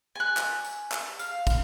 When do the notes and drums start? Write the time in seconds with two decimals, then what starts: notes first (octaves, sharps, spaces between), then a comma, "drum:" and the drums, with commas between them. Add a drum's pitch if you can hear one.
0.15 G#5 F#6
0.37 drum: clap
0.64 drum: tambourine
0.92 drum: clap
1.19 F5, drum: tambourine
1.47 drum: kick, tambourine